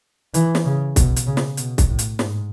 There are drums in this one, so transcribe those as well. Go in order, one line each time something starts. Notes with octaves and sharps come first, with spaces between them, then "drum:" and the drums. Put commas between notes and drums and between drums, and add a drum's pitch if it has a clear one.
E3, drum: hi-hat
drum: snare
C#3
B2, drum: kick, hi-hat
drum: hi-hat
C#3
drum: snare
B2, drum: hi-hat
drum: kick, hi-hat
A2
drum: hi-hat
G#2, drum: snare